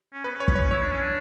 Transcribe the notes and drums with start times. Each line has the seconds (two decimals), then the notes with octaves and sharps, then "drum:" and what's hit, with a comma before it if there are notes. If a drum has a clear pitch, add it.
0.13 C#4
0.24 B3 B4
0.36 C#4 C#5
0.48 B3, drum: kick
0.56 C#5
0.60 C#4
0.71 E4 C#5
0.82 D4
0.91 C#4
1.01 D4